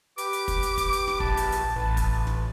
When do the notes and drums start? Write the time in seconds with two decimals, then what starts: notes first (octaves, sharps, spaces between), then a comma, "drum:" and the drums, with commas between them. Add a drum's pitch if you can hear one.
0.18 G4 B4 D6, drum: hi-hat
0.33 drum: hi-hat
0.48 drum: kick, hi-hat
0.63 drum: hi-hat
0.78 drum: kick, hi-hat
0.93 drum: hi-hat
1.07 drum: snare
1.20 A#1 A5, drum: kick
1.37 drum: hi-hat
1.52 drum: hi-hat
1.76 A1 B4
1.97 drum: kick, hi-hat
2.27 drum: snare